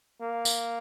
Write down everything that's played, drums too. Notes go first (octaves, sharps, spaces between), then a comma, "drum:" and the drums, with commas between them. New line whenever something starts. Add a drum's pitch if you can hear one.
A#3
drum: tambourine